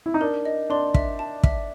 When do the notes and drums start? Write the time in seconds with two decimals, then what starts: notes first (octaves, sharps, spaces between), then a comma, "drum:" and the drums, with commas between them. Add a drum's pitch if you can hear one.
0.06 E4
0.14 D#4
0.21 D4 A#4
0.45 D#5
0.70 D4 C6
0.94 E5, drum: kick
1.19 A5
1.44 E5, drum: kick